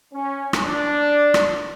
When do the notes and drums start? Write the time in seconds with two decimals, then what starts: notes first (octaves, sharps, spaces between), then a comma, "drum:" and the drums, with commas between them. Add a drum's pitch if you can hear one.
0.13 C#4
0.53 drum: rim click
0.64 D4
1.34 drum: rim click